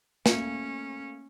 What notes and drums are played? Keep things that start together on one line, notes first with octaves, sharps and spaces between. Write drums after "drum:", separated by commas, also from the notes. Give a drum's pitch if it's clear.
A3 A#3 C#4, drum: snare